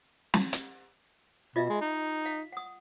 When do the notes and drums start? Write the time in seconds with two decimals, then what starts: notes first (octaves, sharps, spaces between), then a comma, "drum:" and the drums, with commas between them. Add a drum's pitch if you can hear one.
0.34 drum: snare
0.53 drum: hi-hat
1.56 B2 F4 D#5 E5
1.70 G#3
1.81 D#4
2.26 F5
2.52 F#5 D#6